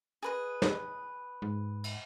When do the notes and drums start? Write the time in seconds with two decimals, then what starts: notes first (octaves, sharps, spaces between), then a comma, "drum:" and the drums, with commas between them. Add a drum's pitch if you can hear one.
0.23 G#4 B4 D#5
0.62 drum: snare
1.42 G#2
1.84 drum: cymbal